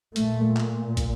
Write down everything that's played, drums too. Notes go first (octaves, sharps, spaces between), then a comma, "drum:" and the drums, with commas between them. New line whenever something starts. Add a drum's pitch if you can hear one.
A#2 A3, drum: hi-hat
drum: clap
drum: kick, hi-hat